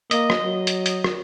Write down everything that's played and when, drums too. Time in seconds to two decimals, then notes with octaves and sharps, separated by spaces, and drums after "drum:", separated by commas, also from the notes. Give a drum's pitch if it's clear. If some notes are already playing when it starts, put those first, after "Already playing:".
0.11 A#3 D#5, drum: hi-hat
0.30 drum: rim click
0.42 F#3
0.67 drum: hi-hat
0.86 drum: hi-hat
1.04 drum: rim click